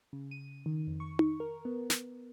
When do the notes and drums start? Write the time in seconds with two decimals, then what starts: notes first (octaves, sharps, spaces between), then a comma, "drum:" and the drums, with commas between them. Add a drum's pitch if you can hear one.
0.13 C#3
0.31 D#7
0.66 D#3
0.87 F2
1.00 C#6
1.19 drum: tom D#4
1.40 A#4
1.65 B3
1.90 drum: snare